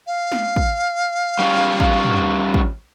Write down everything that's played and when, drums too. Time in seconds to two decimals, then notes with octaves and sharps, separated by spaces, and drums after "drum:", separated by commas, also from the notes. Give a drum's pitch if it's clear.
0.07 F5
0.32 drum: snare
0.56 drum: kick
1.39 G3 C#4 F4
1.80 drum: kick
2.05 drum: tom
2.54 drum: kick